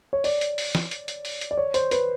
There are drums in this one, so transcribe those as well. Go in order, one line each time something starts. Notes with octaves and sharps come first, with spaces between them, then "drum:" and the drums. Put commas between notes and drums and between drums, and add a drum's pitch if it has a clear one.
C#5
D5, drum: open hi-hat
drum: hi-hat
drum: open hi-hat
drum: snare
drum: hi-hat
drum: hi-hat
drum: open hi-hat
drum: hi-hat
D5
C#5
C5, drum: hi-hat
B4, drum: hi-hat